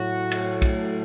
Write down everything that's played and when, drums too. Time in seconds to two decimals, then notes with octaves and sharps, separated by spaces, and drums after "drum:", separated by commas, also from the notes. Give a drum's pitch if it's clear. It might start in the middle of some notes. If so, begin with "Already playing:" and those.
Already playing: A2 F#3 F#4
0.32 drum: cymbal
0.62 drum: kick B1, cymbal